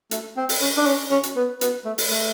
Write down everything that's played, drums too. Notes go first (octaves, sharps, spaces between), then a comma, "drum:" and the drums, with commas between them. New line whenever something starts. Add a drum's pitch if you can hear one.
A3, drum: hi-hat
C4
drum: open hi-hat
C#4
D4
C#4
C#4
drum: hi-hat
B3
B3, drum: hi-hat
A3
drum: open hi-hat
A3